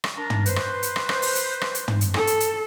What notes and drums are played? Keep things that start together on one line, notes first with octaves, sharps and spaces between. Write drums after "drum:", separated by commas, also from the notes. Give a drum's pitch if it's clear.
drum: rim click
D4 A#4 A#5
drum: tom
B4 C5, drum: hi-hat
drum: rim click
drum: hi-hat
drum: rim click
drum: rim click
drum: open hi-hat
drum: hi-hat
drum: rim click
drum: hi-hat
drum: tom
drum: hi-hat
A4, drum: rim click
drum: hi-hat
drum: hi-hat